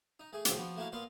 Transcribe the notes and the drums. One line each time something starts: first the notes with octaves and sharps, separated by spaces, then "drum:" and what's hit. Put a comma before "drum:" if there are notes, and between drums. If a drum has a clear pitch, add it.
D#4
A3 G#4
C2 A2 F3 F#3 G#3 C4, drum: hi-hat
F3 B3 F#4
A3 A#3 E4 F#4 F5
A#2 B3 B4 F5 C6